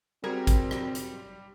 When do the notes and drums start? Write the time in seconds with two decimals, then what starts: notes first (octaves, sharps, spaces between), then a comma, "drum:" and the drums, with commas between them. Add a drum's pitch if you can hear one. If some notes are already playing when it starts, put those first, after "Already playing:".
0.24 G3 C4 F#4 G#4 A#4
0.47 drum: kick G#1, hi-hat
0.71 drum: rim click
0.95 drum: hi-hat